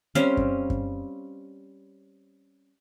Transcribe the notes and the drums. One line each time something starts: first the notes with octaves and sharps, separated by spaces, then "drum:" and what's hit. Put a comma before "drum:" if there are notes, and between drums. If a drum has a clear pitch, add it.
G3 C4 C#4 F5, drum: hi-hat
drum: kick F#2
drum: kick F#2